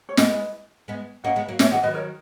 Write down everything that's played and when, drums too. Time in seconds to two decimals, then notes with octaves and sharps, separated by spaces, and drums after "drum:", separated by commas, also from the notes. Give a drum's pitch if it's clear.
0.09 C#5
0.17 G#3 B3 B4 D#5, drum: snare
0.88 G#3 B3
1.24 A#3 C#4 D#5 F#5
1.36 G#3 B3
1.48 F#3 A#3
1.59 E3 G#3 C#5 E5, drum: snare
1.71 E3 G#3 D#5 F#5
1.83 D#3 F#3 B4 D#5
1.95 A#4 C#5